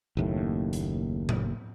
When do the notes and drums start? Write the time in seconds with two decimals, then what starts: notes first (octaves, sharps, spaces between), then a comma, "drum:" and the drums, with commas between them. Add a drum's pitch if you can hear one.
0.17 F#1 D#2 A2
0.73 drum: hi-hat
1.29 drum: tom A2